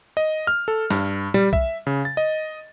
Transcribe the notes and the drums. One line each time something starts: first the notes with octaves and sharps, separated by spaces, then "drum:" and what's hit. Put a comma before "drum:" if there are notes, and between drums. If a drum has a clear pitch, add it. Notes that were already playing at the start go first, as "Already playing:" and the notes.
D#5
F6
A4
G2, drum: snare
G3, drum: tom
E5, drum: kick B1
C#3
A6
D#5